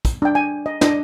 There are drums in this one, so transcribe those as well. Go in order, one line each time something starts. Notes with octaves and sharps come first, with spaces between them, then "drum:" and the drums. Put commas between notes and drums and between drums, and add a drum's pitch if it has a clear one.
drum: kick, hi-hat
D4 G5
G#5
D#5
D4 D#5, drum: snare